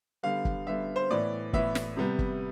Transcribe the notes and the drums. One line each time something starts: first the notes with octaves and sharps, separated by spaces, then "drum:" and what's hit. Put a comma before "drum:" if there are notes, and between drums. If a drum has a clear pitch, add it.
D3 G3 B3 F5
drum: kick
D3 G3 B3 E5
C5
A2 E3 B3 D5
A2 E3 B3 E5, drum: kick
drum: snare
C3 G3 B3
drum: kick